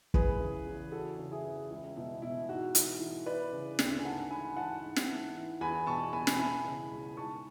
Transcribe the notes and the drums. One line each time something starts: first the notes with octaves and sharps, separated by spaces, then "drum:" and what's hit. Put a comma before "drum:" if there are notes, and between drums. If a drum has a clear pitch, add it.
E3 G#4 B4, drum: kick
C#3
E2
E3 F#4 A4
C#3
E4 G#4
E2
C#2 E4
B2 E4
B2 E4
G#2 F#4
E3, drum: hi-hat
E3
E3 B4 D5
C#3
D2, drum: snare
G#5
G#2 F#5 A5
E3 G#5 B5
E3 F#5 A5
G#2
drum: snare
E3
E3
E2 G#5 B5
B2 A5 C#6
B2 G#5 B5
drum: snare
E3 G#5 B5
C#3
C#2
G#2 A5 C#6